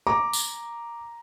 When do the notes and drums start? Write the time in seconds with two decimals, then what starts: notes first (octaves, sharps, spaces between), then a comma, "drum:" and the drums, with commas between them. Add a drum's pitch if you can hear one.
0.07 A#5 D6
0.33 drum: tambourine